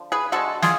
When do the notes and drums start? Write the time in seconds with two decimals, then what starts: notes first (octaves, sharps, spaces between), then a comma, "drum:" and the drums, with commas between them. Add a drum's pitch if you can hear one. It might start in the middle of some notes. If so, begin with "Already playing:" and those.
Already playing: D3 F3
0.12 G#4 B4
0.32 D3 F3 G#3 F#4 A4
0.62 F4 G#4, drum: snare